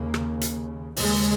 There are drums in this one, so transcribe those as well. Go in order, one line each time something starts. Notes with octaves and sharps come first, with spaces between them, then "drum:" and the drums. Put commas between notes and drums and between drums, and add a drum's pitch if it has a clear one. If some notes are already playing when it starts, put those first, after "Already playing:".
Already playing: D#2 C#3 A#3
drum: rim click
drum: hi-hat
D#2 C#3 G#3, drum: open hi-hat